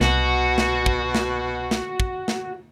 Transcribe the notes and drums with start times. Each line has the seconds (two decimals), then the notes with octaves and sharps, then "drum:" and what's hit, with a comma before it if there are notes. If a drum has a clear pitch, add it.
0.01 C2 B2 F#4, drum: snare
0.58 drum: snare
0.86 drum: kick
1.15 drum: snare
1.71 drum: snare
2.00 drum: kick
2.28 drum: snare